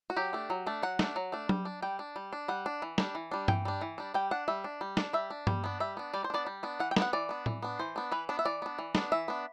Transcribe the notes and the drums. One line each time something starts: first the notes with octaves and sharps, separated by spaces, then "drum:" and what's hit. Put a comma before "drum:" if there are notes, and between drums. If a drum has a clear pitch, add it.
F#4
F#3 G4
A3 D4
F#3
A3 D4
F#3 F#5
A3 D4, drum: snare
F#3
A3 D4
G3, drum: tom F#3
D4
G3 G5
D4
G3
D4
G3 F#5
D4
E3
G3 D4, drum: snare
E3
G3 D4
E3 G5, drum: tom G2
G3 D4
E3
G3 D4
G3 G5
D4 F#5
G3 E5
D4
G3
D4, drum: snare
G3 E5
D4
G3, drum: tom G2
B3 D4
G3 E5
B3 D4
G3 D5
C5
B3 D4 D5
G3
B3 D4
E3 F#5
G5
B3 D4, drum: snare
F#5
E3 D5
B3 D4
E3, drum: tom A2
B3 D4
E3 C5
B3 D4
E3 B4
B3 D4
E5
E3 D5
B3 D4
E3
B3 D4, drum: snare
E3 E5
B3 D4